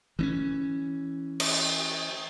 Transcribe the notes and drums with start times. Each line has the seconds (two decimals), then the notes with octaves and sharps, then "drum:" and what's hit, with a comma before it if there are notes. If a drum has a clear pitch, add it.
0.19 E3 C4 C#4
1.40 drum: cymbal